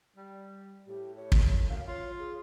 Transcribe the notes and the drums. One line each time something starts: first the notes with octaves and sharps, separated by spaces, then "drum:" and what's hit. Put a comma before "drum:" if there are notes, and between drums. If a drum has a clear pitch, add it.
G3
A2 G4
C#5
drum: kick
F#2 F5
F4 C#5
G#4